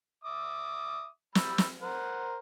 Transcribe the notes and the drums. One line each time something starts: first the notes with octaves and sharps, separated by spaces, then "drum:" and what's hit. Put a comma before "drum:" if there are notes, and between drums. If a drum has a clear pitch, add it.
E5 D6 D#6
G3 B5 E6, drum: snare
drum: snare
A#4 C5 F#5